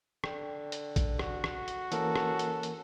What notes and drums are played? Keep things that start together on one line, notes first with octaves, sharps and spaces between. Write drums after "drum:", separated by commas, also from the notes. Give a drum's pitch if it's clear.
D3 G5, drum: rim click
drum: hi-hat
drum: kick A#1, hi-hat
F#4, drum: rim click
drum: rim click
drum: hi-hat
E3 A#3 C#4 A4 A#4, drum: hi-hat
drum: rim click
drum: hi-hat
drum: hi-hat